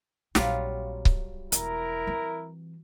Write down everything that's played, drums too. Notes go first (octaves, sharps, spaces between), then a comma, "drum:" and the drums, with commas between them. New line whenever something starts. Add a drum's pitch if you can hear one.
A#1 F#3 G3 C4 F4, drum: snare
drum: kick C#1
E1 E4 A#4 A#5, drum: hi-hat
E3 C4